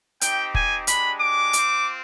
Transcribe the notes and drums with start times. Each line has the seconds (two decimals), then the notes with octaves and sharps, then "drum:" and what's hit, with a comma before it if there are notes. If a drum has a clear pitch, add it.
0.21 C4 D#4 G4 G5, drum: hi-hat
0.54 G#5, drum: kick
0.87 G#3 D4 G4 B5, drum: hi-hat
1.20 D6
1.53 C4 F4, drum: hi-hat